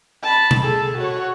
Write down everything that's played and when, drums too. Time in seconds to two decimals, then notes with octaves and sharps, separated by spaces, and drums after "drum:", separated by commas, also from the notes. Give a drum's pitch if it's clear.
0.23 A5 B5
0.51 drum: tom B2
0.63 G#4 A4
0.98 F#4 C#5